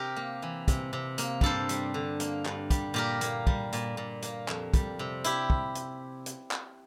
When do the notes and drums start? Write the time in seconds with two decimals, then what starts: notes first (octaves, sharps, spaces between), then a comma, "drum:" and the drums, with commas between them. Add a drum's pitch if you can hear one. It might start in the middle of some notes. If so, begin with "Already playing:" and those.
Already playing: C3 G4 A#4
0.16 A#3
0.42 E3
0.68 C3, drum: kick, hi-hat
0.93 C3
1.18 A#3, drum: hi-hat
1.41 G2 A4 C5, drum: kick
1.69 G3, drum: hi-hat
1.94 D3
2.20 A#3, drum: hi-hat
2.46 G2, drum: clap
2.70 G3, drum: kick, hi-hat
2.94 A#2 G4 A#4
3.21 A#3, drum: hi-hat
3.47 G3, drum: kick
3.73 A#2, drum: hi-hat
3.97 A#2
4.22 A#3, drum: hi-hat
4.48 F2, drum: clap
4.74 G3, drum: kick, hi-hat
4.99 C3
5.24 E4 G4, drum: hi-hat
5.50 drum: kick
5.75 drum: hi-hat
6.26 drum: hi-hat
6.51 drum: clap